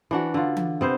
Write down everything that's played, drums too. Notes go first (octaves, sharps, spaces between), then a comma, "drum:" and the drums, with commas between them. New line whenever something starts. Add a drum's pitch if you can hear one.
E3 D4 F#4
D3 F4
drum: tom E3
C3 B3 C5